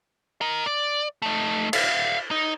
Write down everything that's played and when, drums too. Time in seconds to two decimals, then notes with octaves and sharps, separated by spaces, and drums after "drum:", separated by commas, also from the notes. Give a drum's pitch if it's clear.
0.41 A#4 D#5
0.66 D5
1.22 A3 D#4
1.73 E5 F5, drum: cymbal
2.31 D#4